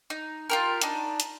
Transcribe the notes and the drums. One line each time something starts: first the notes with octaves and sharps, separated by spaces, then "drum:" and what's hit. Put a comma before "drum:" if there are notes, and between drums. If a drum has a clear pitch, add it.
D#4
F4 G4 A#4
D4 D#4, drum: hi-hat
drum: hi-hat